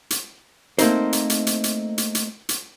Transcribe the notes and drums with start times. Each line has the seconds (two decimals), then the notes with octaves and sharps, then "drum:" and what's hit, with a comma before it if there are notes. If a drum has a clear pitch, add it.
0.10 drum: hi-hat
0.79 A3 A#3 C4 D#4 C5, drum: hi-hat
1.13 drum: hi-hat
1.30 drum: hi-hat
1.47 drum: hi-hat
1.64 drum: hi-hat
1.98 drum: hi-hat
2.15 drum: hi-hat
2.49 drum: hi-hat